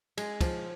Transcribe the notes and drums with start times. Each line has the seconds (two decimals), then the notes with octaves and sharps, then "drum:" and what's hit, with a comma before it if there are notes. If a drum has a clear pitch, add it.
0.17 G#3, drum: cymbal
0.41 F3, drum: kick, cymbal